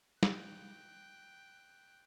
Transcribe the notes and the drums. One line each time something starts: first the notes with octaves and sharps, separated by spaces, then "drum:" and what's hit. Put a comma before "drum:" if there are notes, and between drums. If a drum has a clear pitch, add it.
G5 F#6, drum: snare